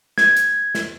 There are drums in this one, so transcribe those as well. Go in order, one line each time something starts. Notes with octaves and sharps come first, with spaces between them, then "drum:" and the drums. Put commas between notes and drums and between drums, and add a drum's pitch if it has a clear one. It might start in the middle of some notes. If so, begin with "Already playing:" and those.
G#6, drum: snare
drum: hi-hat
drum: snare